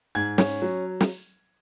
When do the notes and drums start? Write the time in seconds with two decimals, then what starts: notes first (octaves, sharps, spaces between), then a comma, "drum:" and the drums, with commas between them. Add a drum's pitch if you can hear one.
0.15 G#2 G#6
0.38 C#4, drum: snare
0.62 F#3
1.01 drum: snare